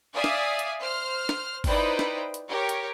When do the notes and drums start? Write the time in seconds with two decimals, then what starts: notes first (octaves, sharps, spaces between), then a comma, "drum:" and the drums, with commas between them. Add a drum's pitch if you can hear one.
0.15 D5 E5 F5 G#5 D#6
0.24 drum: snare
0.59 drum: hi-hat
0.80 C5 F6
1.29 drum: snare
1.64 D#4 E4 B4 C5 D5 G5, drum: kick G1, open hi-hat
1.99 drum: snare
2.34 drum: hi-hat
2.48 G4 A#4 C#5
2.69 drum: hi-hat